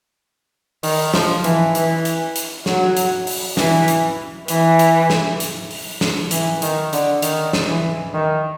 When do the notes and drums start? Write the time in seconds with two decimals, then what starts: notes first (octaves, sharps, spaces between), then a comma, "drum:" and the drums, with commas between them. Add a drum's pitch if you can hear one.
0.83 D#3, drum: open hi-hat
1.14 F3, drum: snare
1.44 E3, drum: hi-hat
1.75 E3, drum: hi-hat
2.05 drum: hi-hat
2.36 drum: hi-hat
2.66 F#3, drum: snare
2.97 drum: hi-hat
3.27 drum: open hi-hat
3.57 E3, drum: snare
3.88 drum: hi-hat
4.48 E3, drum: hi-hat
4.79 drum: hi-hat
5.10 drum: snare
5.40 drum: hi-hat
5.71 drum: open hi-hat
6.01 drum: snare
6.31 E3, drum: hi-hat
6.62 D#3, drum: hi-hat
6.93 D3, drum: hi-hat
7.22 D#3, drum: hi-hat
7.53 drum: snare
7.68 E3
8.14 D#3